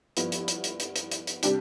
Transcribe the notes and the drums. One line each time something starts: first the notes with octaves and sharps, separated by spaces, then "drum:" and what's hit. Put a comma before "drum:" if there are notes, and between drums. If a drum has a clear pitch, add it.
G2 F3 B3 E4, drum: hi-hat
drum: hi-hat
drum: hi-hat
drum: hi-hat
drum: hi-hat
drum: hi-hat
drum: hi-hat
drum: hi-hat
C3 G3 D4 G4, drum: hi-hat